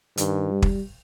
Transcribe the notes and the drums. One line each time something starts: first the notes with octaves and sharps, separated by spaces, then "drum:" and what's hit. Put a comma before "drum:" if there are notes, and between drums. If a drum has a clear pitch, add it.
G2 D#3, drum: hi-hat
G3
drum: kick